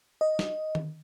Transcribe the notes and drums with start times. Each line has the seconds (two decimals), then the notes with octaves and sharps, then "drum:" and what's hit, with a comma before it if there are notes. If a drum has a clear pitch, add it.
0.21 D#5
0.39 drum: snare
0.75 drum: tom D#3